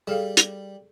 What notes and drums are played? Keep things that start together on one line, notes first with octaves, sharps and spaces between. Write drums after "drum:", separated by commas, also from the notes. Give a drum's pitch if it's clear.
G3 G#4 A4 F5
drum: hi-hat